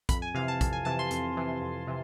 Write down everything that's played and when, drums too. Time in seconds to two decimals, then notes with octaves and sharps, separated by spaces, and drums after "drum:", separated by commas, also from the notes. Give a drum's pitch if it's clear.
0.09 F2 B5, drum: kick, hi-hat
0.22 G#5
0.35 C3 E3 F5
0.48 A5
0.61 F2, drum: kick, hi-hat
0.73 G#5
0.85 C3 E3 A5
0.99 C6
1.11 F2, drum: hi-hat
1.37 C3 E3
1.61 F2
1.87 C3 E3